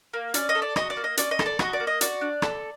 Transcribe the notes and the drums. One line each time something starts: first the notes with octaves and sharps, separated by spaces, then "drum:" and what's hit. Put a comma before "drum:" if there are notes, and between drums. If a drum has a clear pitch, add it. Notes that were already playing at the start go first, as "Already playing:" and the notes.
A#3
C#4 D5, drum: hi-hat
D#5
A4
D5
F#4 D#5, drum: rim click
D5
A#3
D#5
C#4 D5, drum: hi-hat
D#5
A4, drum: rim click
D5
F#4 D#5, drum: rim click
D5
A#3
D#5
F#4 D5, drum: hi-hat
D4
A4, drum: rim click